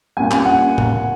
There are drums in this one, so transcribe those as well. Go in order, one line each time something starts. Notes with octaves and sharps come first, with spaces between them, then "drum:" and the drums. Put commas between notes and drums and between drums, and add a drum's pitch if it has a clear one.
A#2 G3 G#5
G#5, drum: clap
F#5
drum: tom A2